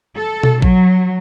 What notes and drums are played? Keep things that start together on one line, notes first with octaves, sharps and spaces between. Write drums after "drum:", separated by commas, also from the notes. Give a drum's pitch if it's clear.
A4
drum: tom B2
F#3, drum: kick A1